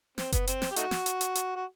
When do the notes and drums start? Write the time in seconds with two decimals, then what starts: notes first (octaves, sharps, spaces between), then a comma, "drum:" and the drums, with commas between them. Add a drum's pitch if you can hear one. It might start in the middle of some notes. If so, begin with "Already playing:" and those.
0.18 C4, drum: snare
0.32 B3, drum: kick F#1, hi-hat
0.47 C4, drum: hi-hat
0.62 drum: snare
0.71 G4
0.76 A3 D#4 F#4, drum: hi-hat
0.91 drum: snare
1.06 drum: hi-hat
1.21 drum: hi-hat
1.35 drum: hi-hat
1.56 F#4